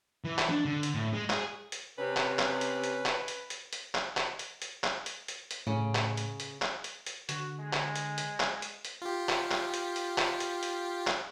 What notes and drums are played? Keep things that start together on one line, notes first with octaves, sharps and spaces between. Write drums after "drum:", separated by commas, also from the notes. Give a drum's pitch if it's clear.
E3
drum: clap
D4
D3
drum: hi-hat
A2
G#3
G#4, drum: clap
drum: hi-hat
C3 C#4 B4
drum: clap
drum: clap
drum: hi-hat
drum: hi-hat
drum: clap
drum: hi-hat
drum: hi-hat
drum: hi-hat
drum: clap
drum: clap
drum: hi-hat
drum: hi-hat
drum: clap
drum: hi-hat
drum: hi-hat
drum: hi-hat
A2 C#3
drum: clap
drum: hi-hat
drum: hi-hat
drum: clap
drum: hi-hat
drum: hi-hat
D3 F#4, drum: hi-hat
G#3
drum: clap
drum: hi-hat
drum: hi-hat
drum: clap
drum: hi-hat
drum: hi-hat
F4 G4
drum: clap
drum: clap
drum: hi-hat
drum: hi-hat
drum: clap
drum: hi-hat
drum: hi-hat
drum: clap